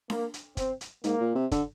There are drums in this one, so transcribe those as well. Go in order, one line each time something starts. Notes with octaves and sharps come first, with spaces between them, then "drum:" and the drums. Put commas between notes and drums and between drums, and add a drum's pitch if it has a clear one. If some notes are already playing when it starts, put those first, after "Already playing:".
A#3, drum: snare D4
drum: hi-hat
C4, drum: kick, hi-hat
drum: hi-hat
G#2 A#3, drum: hi-hat
A#2
C3
D3, drum: kick, hi-hat